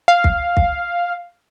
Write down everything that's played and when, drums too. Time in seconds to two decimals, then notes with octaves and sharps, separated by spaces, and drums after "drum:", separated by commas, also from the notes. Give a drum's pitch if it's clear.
0.08 F5
0.24 drum: kick
0.57 drum: kick